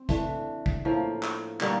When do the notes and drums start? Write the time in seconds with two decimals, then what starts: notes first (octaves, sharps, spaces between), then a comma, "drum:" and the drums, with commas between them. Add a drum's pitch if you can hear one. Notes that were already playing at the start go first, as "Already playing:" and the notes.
Already playing: C4
0.09 E3 A3 D4, drum: kick, hi-hat
0.66 drum: kick
0.85 A2 F3 A#3
1.23 drum: clap
1.61 D3 G3 A#3, drum: clap